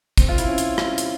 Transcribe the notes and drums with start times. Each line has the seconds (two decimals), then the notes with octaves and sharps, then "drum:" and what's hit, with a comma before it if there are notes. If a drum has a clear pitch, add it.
0.17 C4, drum: kick, hi-hat
0.29 F4
0.38 E4, drum: hi-hat
0.48 C#4
0.58 drum: hi-hat
0.78 drum: rim click
0.98 drum: hi-hat